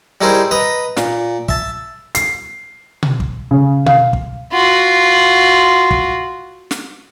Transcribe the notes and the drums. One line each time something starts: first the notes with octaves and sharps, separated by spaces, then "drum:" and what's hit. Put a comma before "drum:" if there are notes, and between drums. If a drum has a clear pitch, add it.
G3 D#4 E4 G#4 A#4 C5
B4 D#5 A#5
A#2, drum: snare
E5 A5, drum: kick
C7, drum: hi-hat
drum: tom B2
drum: kick
C#3
F5, drum: tom B2
drum: kick
F4 F#4
drum: kick
drum: snare